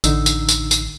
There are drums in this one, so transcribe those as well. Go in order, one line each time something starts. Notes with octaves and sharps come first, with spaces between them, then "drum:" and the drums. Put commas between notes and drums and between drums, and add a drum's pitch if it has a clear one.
A1 D3 D#4 E6, drum: tambourine
drum: tambourine
drum: tambourine
drum: tambourine